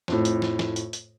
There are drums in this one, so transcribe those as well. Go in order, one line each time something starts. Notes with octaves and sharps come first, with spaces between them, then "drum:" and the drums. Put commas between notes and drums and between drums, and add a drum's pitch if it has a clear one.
F2 A2, drum: snare
drum: hi-hat
drum: snare
drum: snare
drum: hi-hat
drum: hi-hat